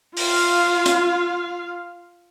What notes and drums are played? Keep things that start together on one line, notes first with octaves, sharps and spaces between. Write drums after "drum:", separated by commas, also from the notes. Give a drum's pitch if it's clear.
F4 F5, drum: open hi-hat
drum: hi-hat